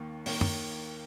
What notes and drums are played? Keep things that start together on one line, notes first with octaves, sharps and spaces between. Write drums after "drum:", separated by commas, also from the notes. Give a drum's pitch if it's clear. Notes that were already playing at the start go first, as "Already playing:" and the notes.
Already playing: D#2 D#3 A#3
D#2 D#3 A#3 C#5, drum: open hi-hat
drum: tom F#2